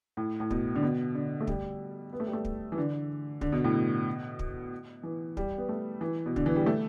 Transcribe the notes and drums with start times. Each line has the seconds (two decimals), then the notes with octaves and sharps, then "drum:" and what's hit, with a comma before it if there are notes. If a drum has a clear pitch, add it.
0.17 A2
0.40 A2
0.51 B2, drum: kick
0.75 D3
0.83 B2
1.14 D3
1.41 A3
1.47 G3, drum: kick
2.13 B3
2.20 A3
2.26 G3
2.33 A3
2.45 drum: kick
2.72 E3
2.78 D3
3.41 D3, drum: kick
3.52 B2
3.64 A2
3.74 B2
4.39 drum: kick
5.03 E3
5.37 G3, drum: kick
5.58 B3
5.69 A3
6.01 E3
6.26 B2
6.36 D3, drum: kick
6.46 E3
6.56 G3
6.66 A3